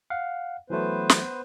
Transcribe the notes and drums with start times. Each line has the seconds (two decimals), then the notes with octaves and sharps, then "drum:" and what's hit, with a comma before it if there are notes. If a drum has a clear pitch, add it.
0.10 F5 F#5
0.70 E3 F#3 A3 B3 B4 C5
1.09 drum: snare